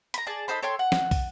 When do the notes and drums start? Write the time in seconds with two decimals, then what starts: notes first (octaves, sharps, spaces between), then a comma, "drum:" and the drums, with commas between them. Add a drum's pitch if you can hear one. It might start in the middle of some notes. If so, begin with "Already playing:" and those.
0.14 A#5 B5, drum: hi-hat
0.27 G#4 D5 A5
0.48 D#4 A4 C5 B5
0.63 A4 C#5 G5 C6
0.79 F#5
0.92 drum: snare
1.11 drum: kick, open hi-hat